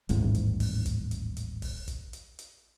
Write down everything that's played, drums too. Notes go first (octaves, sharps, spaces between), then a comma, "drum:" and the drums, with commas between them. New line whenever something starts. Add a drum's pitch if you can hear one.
D#1 A1 G#2, drum: hi-hat
drum: hi-hat
drum: kick, open hi-hat
drum: kick, hi-hat
drum: hi-hat
drum: hi-hat
drum: kick, open hi-hat
drum: kick, hi-hat
drum: hi-hat
drum: hi-hat